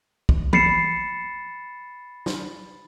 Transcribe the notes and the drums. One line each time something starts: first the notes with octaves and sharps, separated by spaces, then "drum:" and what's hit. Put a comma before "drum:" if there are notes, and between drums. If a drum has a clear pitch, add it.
drum: kick
B5 A6 C7 C#7 E7, drum: tom
drum: snare